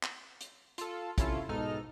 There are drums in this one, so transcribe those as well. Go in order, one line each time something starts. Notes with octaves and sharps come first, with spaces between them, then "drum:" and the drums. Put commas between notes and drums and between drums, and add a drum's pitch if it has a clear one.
drum: clap
drum: hi-hat
F4 A4, drum: hi-hat
C3 C#4 E4 F4 A4, drum: kick, hi-hat
G#2 B2 D#4 A4 F6